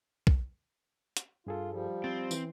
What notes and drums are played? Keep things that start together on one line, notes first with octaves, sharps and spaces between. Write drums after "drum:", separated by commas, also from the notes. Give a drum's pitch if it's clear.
drum: kick
drum: hi-hat
G2 F4 G#4 A4
F3 G3
C4 A6
E3, drum: tambourine